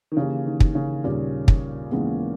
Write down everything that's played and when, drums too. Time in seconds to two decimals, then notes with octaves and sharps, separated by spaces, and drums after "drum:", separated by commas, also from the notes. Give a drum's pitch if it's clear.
0.12 D#3
0.17 C#3 E3 A#3 C#4 G4
0.46 D#3
0.60 drum: kick
0.75 C#3
1.04 D#2 A#2 C#3 G3 C#4
1.48 drum: kick
1.91 D#2 C#3 E3 G#3 B3